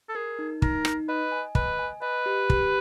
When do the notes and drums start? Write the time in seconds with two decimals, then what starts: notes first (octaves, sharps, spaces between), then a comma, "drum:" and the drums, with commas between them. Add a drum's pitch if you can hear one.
0.09 A4
0.15 G#4 A#4
0.39 D#4
0.62 D#4 A#4, drum: kick
0.85 D#4, drum: rim click
1.08 B4 D#5
1.32 G#5
1.55 B4 D#5, drum: kick
1.79 G#5
2.02 B4 D#5
2.26 G4
2.50 G4, drum: kick